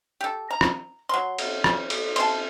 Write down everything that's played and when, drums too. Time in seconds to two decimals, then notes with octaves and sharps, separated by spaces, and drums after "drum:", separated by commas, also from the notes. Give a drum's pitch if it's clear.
0.21 G4 A4
0.51 A#5
0.61 drum: rim click
1.09 F#3 C6
1.38 drum: cymbal
1.64 drum: rim click
1.90 drum: cymbal
2.16 A5 C6, drum: cymbal